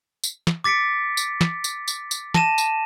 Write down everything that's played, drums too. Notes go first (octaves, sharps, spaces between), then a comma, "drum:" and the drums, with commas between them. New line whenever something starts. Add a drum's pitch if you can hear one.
drum: tambourine
drum: snare
D6 A6 B6 C#7 D7
drum: tambourine
drum: snare
drum: tambourine
drum: tambourine
drum: tambourine
A5 A#6 D#7 E7, drum: snare
drum: tambourine